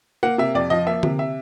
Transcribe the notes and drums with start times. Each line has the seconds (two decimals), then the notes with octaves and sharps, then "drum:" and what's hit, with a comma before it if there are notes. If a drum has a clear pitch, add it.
0.23 A#3 F#5
0.38 C3 E5
0.55 F2 D5
0.70 F3 D#5
0.87 A#3 E5
1.03 C3, drum: tom D3
1.19 E5